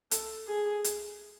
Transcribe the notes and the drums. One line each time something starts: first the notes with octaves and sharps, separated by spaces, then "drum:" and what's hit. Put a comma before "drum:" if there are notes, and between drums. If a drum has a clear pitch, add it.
A4, drum: hi-hat
G#4
drum: hi-hat